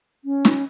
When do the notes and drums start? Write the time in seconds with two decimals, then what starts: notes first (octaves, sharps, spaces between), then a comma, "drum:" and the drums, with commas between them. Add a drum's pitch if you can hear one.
0.25 C#4
0.45 drum: snare